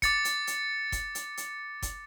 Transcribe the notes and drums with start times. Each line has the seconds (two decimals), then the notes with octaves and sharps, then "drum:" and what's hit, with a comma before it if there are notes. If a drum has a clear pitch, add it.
0.02 D6 A6 C#7, drum: kick F#1, hi-hat
0.25 drum: hi-hat
0.47 drum: hi-hat
0.92 drum: kick F#1, hi-hat
1.15 drum: hi-hat
1.37 drum: hi-hat
1.82 drum: kick F#1, hi-hat